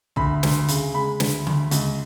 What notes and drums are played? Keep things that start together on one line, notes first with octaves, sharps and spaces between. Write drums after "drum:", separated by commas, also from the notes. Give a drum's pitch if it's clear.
D2 B5, drum: tom
D2, drum: snare
C#3, drum: hi-hat
G#3 B5
D2, drum: snare
D2, drum: tom C#3
C#2, drum: hi-hat